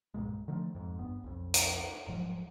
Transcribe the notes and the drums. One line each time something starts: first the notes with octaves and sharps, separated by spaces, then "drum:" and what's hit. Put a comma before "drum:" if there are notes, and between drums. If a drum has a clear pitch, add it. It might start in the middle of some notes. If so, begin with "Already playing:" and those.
B1 G2 A#2 G#3
D3 D#3 F3 A3
F2 G#2
G#1 G2 B3
B1 F2
drum: hi-hat
D#1 G#2 F3 F#3